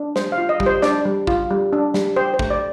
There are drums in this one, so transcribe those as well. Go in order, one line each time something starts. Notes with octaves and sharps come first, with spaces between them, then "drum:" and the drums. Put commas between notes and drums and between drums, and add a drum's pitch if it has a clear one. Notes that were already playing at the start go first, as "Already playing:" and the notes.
Already playing: D4
G3 C5, drum: snare
F5
F4
D#5
G3, drum: kick
C5
D4 D5, drum: snare
G3
F4, drum: kick
G3
D4
G3, drum: snare
G4 C5
C5
A3, drum: kick
D5